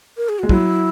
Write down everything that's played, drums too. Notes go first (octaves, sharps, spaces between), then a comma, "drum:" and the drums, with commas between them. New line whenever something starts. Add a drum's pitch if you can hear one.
A#4
G#4
G#3 F#4
F#3 E4, drum: kick